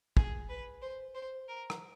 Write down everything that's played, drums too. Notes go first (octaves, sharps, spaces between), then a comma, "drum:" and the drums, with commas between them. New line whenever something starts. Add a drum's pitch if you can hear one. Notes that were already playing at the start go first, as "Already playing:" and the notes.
G#4, drum: kick
B4
C5
C5
A#4
drum: rim click